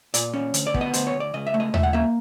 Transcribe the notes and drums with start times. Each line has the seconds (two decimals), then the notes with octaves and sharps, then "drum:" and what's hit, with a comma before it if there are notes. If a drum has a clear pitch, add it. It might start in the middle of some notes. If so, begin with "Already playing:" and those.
0.14 A#2 D5, drum: hi-hat
0.34 C#4
0.54 D2, drum: hi-hat
0.67 D5
0.74 B3, drum: kick
0.81 D#5
0.93 D2 C5, drum: hi-hat
1.07 C#5
1.14 D2
1.20 D5
1.34 C#2 D#5
1.47 E5
1.54 A3
1.60 D#5
1.74 C#2 E5, drum: tom D#2
1.83 F#5
1.93 A#3 E5